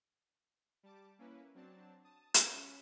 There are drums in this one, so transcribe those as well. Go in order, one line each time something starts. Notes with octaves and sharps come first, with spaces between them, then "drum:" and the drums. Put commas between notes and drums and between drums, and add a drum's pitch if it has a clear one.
G3 A5 D6
A#3 C#4 E4 B4
F#3 C4 D4 A5
A5 D#6
drum: hi-hat
C#4 E5 B5 C#6 F#6 D#7